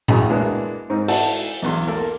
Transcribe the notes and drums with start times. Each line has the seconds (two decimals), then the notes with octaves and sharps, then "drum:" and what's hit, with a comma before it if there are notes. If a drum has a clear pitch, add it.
0.08 B1 F#2 A2 G#4 G5, drum: tom A#2
0.29 G#3 A#3 B3 D4 E4
0.90 G#2 C4 D#4
1.08 E4 F#4 A4 D5 F#5 A5, drum: open hi-hat
1.62 B1 E2 C6
1.87 A#3 A4 A#4